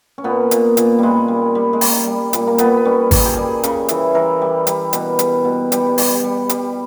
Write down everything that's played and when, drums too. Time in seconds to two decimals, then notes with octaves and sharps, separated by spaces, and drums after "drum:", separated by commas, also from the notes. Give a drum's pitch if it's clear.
0.18 C#4
0.24 A#2 B3
0.51 A#2, drum: hi-hat
0.77 A#2, drum: hi-hat
0.98 A#2 G3 G#3
1.28 G3
1.55 G3
1.73 G#3
1.81 G3 A#3, drum: open hi-hat
2.07 G3
2.33 A#2, drum: hi-hat
2.47 A#3
2.58 A#2 B3, drum: hi-hat
2.77 B3
2.85 G3 C#4
3.11 G3 A#4, drum: kick G#1, open hi-hat
3.19 G#4
3.26 G4
3.34 G3 G#4
3.63 C#3, drum: hi-hat
3.89 E3, drum: hi-hat
4.15 E3 A#4
4.42 G3
4.67 G3, drum: hi-hat
4.93 B2, drum: hi-hat
5.19 G3, drum: hi-hat
5.45 B2
5.72 G3 G4, drum: hi-hat
5.98 G3, drum: open hi-hat
6.24 G3
6.49 G3, drum: hi-hat